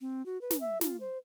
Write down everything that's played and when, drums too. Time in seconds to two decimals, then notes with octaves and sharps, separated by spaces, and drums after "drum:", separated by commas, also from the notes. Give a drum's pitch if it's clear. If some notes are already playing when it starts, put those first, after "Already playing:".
0.01 C4
0.26 F#4
0.41 B4
0.51 drum: snare
0.60 E5
0.81 F4, drum: snare
1.00 C5